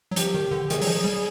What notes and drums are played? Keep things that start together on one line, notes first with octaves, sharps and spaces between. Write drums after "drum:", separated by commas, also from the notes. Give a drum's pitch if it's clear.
F#3
F3 G4, drum: hi-hat
D#3
D3
D#3 G#4, drum: hi-hat
F#3, drum: open hi-hat
F3
G3